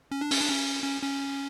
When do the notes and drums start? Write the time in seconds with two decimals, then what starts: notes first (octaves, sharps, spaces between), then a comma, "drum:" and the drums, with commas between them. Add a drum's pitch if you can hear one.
0.11 C#4
0.21 D4
0.31 C#4, drum: open hi-hat
0.41 D4
0.50 C#4
0.84 C#4
1.02 C#4